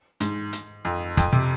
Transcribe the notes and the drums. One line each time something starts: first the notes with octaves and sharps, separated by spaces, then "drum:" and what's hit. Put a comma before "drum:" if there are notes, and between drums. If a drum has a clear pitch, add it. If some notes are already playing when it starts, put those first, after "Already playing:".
G#2, drum: hi-hat
drum: hi-hat
F2
F2, drum: kick, hi-hat
C3